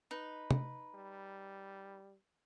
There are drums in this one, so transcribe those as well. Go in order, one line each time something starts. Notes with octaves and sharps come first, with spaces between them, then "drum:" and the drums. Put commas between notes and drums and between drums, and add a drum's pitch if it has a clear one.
D#4 B4
drum: tom
G3